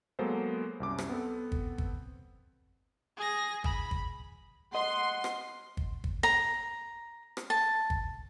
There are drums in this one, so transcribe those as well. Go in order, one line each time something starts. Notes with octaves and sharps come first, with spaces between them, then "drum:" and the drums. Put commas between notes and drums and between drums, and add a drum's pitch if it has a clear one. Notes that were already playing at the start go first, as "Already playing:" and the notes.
F#3 G#3 A#3 B3 A4 C5
C2 F#2 D6
drum: rim click
B3 C4 A4
drum: kick
drum: kick
G#4 A#6
B5, drum: kick
drum: kick
D#5 F#5 C6
drum: rim click
drum: kick
drum: kick
A#5
drum: rim click
A5
drum: kick